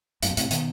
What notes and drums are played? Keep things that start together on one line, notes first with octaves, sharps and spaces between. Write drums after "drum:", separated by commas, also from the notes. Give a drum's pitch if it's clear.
F#2 A2, drum: hi-hat
B2
A2 C3, drum: hi-hat
B2 D#3, drum: hi-hat